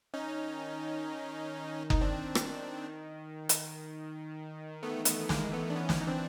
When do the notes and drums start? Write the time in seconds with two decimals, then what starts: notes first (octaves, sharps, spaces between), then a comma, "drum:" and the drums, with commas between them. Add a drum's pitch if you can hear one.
0.13 D#3 C#4 D#4
1.90 D#4, drum: kick F#1
2.01 C4 D4
2.35 drum: rim click
3.49 drum: hi-hat
3.89 D#3
4.83 E3 A3 B3
5.05 A3 B3, drum: hi-hat
5.20 B3
5.29 G#3 A#3, drum: snare
5.52 A3 B3
5.70 D4
5.76 E3 B3 C#4
5.89 drum: snare
6.01 D#4
6.07 C4 D4